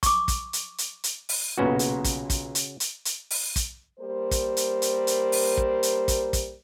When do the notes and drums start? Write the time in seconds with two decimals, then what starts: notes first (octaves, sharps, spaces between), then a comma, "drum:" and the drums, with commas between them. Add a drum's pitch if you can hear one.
0.03 C#6 D6, drum: kick, hi-hat
0.28 drum: kick, hi-hat
0.53 drum: hi-hat
0.78 drum: hi-hat
1.04 drum: hi-hat
1.29 drum: open hi-hat
1.58 B1 A#2 C#3 B3 C#4 F#4
1.79 drum: hi-hat
2.04 drum: kick, hi-hat
2.30 drum: kick, hi-hat
2.55 drum: hi-hat
2.80 drum: hi-hat
3.05 drum: hi-hat
3.31 drum: open hi-hat
3.56 drum: kick, hi-hat
4.00 G3 A#3 A#4 C5
4.31 drum: kick, hi-hat
4.57 drum: hi-hat
4.82 drum: hi-hat
5.07 drum: hi-hat
5.32 drum: open hi-hat
5.57 drum: kick
5.83 drum: hi-hat
6.08 drum: kick, hi-hat
6.33 drum: kick, hi-hat